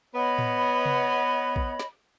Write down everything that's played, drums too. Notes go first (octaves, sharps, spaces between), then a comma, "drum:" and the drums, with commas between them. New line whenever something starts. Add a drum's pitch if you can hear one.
B3 C#5 D#5 B5
drum: tom A2
drum: tom C3
drum: kick
drum: snare